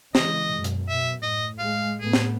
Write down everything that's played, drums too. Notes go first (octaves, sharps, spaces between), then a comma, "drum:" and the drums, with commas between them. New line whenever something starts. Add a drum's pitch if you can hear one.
C#3 E3 G#3 D#5, drum: snare
F#2 B2
drum: hi-hat
B2 E5
A2 D#5
G#3 F5
A2 A3 B3 G#4
drum: snare